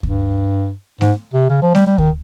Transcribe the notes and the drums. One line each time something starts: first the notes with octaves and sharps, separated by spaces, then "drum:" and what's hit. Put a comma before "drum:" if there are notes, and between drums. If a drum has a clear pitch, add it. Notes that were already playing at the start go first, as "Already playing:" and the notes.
G2, drum: kick D2
G#2, drum: snare A3
C3
C#3
F3
G3, drum: snare A3
G3
D#3, drum: kick D2